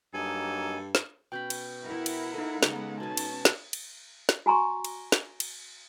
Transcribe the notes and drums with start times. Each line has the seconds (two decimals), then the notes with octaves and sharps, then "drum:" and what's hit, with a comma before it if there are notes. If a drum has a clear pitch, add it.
0.14 G2 F#3 A#3 D#4 A4 G#5
0.95 drum: snare
1.32 B2 C#4 G5 B5 G6
1.50 drum: cymbal
1.86 E4 A#4 F#5
2.06 drum: cymbal
2.34 A#3 D#4 A4
2.63 C#3 G#3 B3 G5 D6, drum: snare
3.00 B2 C#4 G#5 A5
3.17 drum: cymbal
3.45 drum: snare
3.73 drum: cymbal
4.29 drum: snare
4.46 F#4 G#5 A#5 C6 C#6
4.85 drum: cymbal
5.12 drum: snare
5.40 drum: cymbal